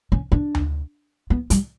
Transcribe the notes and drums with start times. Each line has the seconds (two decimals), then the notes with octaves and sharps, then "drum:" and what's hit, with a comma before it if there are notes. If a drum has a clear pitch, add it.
0.12 C#4
0.32 D4
0.55 drum: tom D2
1.30 B3
1.50 G3, drum: hi-hat